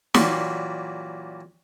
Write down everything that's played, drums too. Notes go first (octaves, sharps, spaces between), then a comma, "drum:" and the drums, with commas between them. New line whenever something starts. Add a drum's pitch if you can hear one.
A#2 E3 F#3 G3, drum: snare